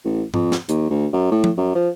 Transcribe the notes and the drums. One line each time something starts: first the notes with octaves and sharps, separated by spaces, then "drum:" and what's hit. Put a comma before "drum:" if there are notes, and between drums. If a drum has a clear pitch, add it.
A1
F2, drum: tom G#2
drum: snare
D#2, drum: hi-hat
D2
F#2
A2
drum: tom F3
F#2
F3